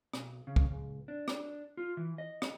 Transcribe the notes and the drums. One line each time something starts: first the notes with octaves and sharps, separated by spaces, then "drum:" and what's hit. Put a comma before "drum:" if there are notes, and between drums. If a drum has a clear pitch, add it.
B1, drum: rim click
C#3
drum: kick
C#2
D4
drum: rim click
F4
E3
D#5
drum: rim click